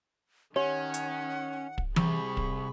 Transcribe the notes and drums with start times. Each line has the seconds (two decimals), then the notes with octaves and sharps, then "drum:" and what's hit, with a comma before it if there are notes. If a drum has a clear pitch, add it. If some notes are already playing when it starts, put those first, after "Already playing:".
0.56 D#3 C#4 G4 C#5 F#5
0.94 drum: hi-hat
1.78 drum: kick
1.96 C3 G3 G#4 B5 C#6, drum: tom E3
2.37 drum: kick